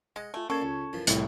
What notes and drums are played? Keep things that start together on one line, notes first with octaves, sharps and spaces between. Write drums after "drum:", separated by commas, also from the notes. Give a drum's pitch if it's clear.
G#3 D#5 F#5
A3 F4 G#5
A#3 C#4 A4 D5 C#6 G#6
C#2
F#2 E3 F3
C2 A2, drum: hi-hat